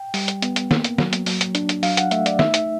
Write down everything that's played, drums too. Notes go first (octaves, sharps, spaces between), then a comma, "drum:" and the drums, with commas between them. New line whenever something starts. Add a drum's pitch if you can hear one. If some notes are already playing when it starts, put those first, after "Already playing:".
Already playing: G5
G3, drum: open hi-hat
drum: hi-hat
B3, drum: hi-hat
drum: hi-hat
A#3, drum: snare
drum: hi-hat
F#3, drum: snare
drum: hi-hat
F#3, drum: open hi-hat
drum: hi-hat
D4, drum: hi-hat
drum: hi-hat
F#3 F5, drum: open hi-hat
F#5, drum: hi-hat
A3 E5, drum: hi-hat
D5, drum: hi-hat
D#4 E5, drum: snare
drum: hi-hat